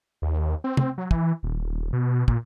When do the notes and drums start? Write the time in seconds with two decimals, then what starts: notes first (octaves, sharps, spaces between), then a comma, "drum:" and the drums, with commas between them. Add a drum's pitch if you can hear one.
0.22 D#2
0.64 C4
0.77 drum: tom
0.98 F#3
1.11 E3, drum: kick
1.43 D#1
1.93 B2
2.28 A#2, drum: kick